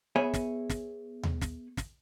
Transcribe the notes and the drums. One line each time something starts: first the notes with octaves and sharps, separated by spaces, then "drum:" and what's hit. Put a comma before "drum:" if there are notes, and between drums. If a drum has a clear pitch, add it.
B3 G#4 C#5 E5 G#5 B5
drum: snare
drum: snare
drum: tom D#2
drum: snare
drum: snare